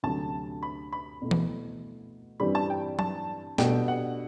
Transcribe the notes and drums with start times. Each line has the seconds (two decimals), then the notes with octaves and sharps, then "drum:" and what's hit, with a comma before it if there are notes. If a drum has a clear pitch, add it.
0.03 D2 C3 F#3 A5
0.63 B5
0.92 B5
1.22 B2 A3 E4
1.31 drum: tom E3
2.40 G2 E3 G3 C4 B5
2.55 A5
2.70 G5
2.99 A5, drum: tom F#3
3.58 B2 G3 D4 F#4 A4 G5, drum: snare
3.88 F#5